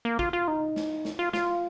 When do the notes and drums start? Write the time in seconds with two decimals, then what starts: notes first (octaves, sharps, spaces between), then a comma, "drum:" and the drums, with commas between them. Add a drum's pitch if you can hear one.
0.05 A#3
0.19 F4, drum: kick
0.33 F4
0.48 D#4
0.76 drum: snare
1.05 drum: snare
1.19 F4
1.33 F4, drum: snare